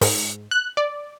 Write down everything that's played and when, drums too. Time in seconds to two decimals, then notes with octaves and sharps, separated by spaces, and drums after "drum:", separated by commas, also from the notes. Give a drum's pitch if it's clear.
0.01 G#2, drum: open hi-hat
0.51 F#6
0.77 D5